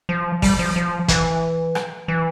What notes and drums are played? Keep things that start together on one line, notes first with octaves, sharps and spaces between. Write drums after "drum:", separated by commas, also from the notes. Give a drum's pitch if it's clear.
F3
G3, drum: kick, open hi-hat
F3
F3
E3, drum: kick, hi-hat
drum: rim click
E3